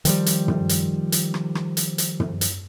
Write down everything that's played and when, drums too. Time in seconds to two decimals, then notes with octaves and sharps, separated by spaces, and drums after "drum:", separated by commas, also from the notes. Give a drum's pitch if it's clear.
0.05 D#3 F3 G3, drum: hi-hat
0.26 drum: hi-hat
0.48 drum: tom
0.69 drum: hi-hat
1.12 drum: hi-hat
1.34 drum: rim click
1.55 drum: rim click
1.77 drum: hi-hat
1.98 drum: hi-hat
2.20 drum: tom
2.41 drum: hi-hat